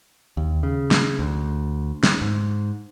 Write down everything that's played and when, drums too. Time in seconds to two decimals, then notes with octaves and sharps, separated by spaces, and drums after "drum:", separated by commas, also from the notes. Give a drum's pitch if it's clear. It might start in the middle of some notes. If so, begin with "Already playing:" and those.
0.37 D#2
0.63 C#3
0.91 drum: snare
1.19 D2
2.03 drum: snare
2.22 G#2